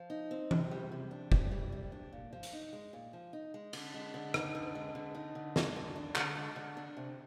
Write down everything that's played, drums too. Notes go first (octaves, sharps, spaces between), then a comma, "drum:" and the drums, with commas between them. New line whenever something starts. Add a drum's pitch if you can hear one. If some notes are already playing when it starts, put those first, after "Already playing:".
Already playing: F3
D#4
C4
C3, drum: tom E3
G3
C3
D4
C3, drum: kick
G3
C3
D4
A#2
F3
drum: hi-hat
D#4
G#3
A#2
F3
D#4
G#3
D3, drum: cymbal
G#3
D3
D#4, drum: rim click
D3
G#3
D3
D#4
D3
G#3, drum: snare
D3
D4
D3, drum: clap
G#3
D3
D4
C3